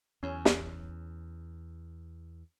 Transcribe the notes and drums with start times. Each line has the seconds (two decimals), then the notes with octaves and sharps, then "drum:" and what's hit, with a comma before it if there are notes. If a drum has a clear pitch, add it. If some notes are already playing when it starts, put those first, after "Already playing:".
0.23 E2 C#4
0.45 drum: snare